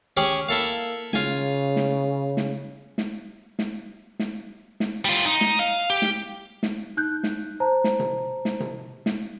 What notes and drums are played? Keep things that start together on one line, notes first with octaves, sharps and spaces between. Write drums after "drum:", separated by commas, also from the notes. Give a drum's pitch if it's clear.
C#4 G4 G#4
A#3 E4 A4 F5
C#3 F4 G#5, drum: snare
drum: snare
drum: snare
drum: snare
drum: snare
drum: snare
drum: snare
G3 F4
D#4
drum: snare
F5
G4
drum: snare
drum: snare
D#4 F#6 G6
drum: snare
C5 A5 A#5
drum: snare
drum: tom C3
drum: snare
drum: tom C3
drum: snare